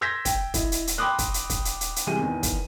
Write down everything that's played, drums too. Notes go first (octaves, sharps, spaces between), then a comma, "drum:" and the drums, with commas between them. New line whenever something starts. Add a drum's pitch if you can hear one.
C6 E6 G6 G#6 A#6 B6
G5, drum: kick, hi-hat
E4 D#5, drum: kick, hi-hat
drum: hi-hat
drum: hi-hat
G5 B5 C6 D6 D#6 F#6
drum: kick, hi-hat
drum: hi-hat
drum: kick, hi-hat
drum: hi-hat
drum: hi-hat
drum: hi-hat
C3 E3 G3 G#3 G#5 D#7
E2 D#3
drum: kick, hi-hat